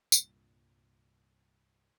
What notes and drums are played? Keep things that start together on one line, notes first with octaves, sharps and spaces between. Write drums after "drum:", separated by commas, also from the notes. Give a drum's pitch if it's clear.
C2 G2 A#2, drum: tambourine